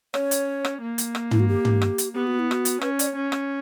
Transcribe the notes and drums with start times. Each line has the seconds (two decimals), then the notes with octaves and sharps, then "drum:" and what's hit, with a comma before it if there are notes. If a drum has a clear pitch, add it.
0.14 C#4 C#5, drum: rim click
0.31 drum: hi-hat
0.65 drum: rim click
0.81 A#3
0.98 drum: hi-hat
1.15 drum: rim click
1.31 E4, drum: tom
1.40 F#4
1.48 G4
1.65 drum: tom
1.82 drum: rim click
1.98 drum: hi-hat
2.15 B3 G4
2.27 F#4
2.39 E4
2.51 F#4, drum: rim click
2.65 drum: hi-hat
2.81 C#4 B4, drum: rim click
2.99 D5, drum: hi-hat
3.07 C#5
3.16 C#4
3.32 drum: rim click